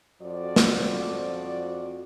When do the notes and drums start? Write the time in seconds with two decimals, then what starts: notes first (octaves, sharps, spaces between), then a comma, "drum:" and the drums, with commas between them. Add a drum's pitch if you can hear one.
0.22 F2 F3 F#4 D5
0.56 drum: snare